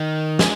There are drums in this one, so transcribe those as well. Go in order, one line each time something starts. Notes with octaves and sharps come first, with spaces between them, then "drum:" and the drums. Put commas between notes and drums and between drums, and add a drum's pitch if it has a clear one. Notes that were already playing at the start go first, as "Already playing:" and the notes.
Already playing: D#3
G#3, drum: snare